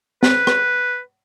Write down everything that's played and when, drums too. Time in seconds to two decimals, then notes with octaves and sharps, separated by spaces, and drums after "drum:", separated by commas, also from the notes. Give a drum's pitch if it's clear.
0.23 B4, drum: snare
0.47 drum: rim click